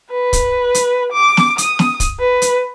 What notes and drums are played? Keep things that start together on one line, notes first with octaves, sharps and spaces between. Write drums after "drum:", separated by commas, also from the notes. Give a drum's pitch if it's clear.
B4
drum: kick, hi-hat
drum: hi-hat
D6
drum: snare
D#6, drum: hi-hat
drum: snare
drum: kick, hi-hat
B4
drum: hi-hat